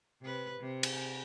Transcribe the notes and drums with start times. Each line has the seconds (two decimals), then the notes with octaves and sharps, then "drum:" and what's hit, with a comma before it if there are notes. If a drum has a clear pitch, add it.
0.21 C3 B4
0.60 C3
0.83 drum: cymbal